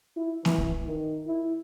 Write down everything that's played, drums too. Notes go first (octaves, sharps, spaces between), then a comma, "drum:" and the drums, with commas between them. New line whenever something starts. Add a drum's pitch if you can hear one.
E4
E3, drum: snare A#3
drum: kick
D#3
E4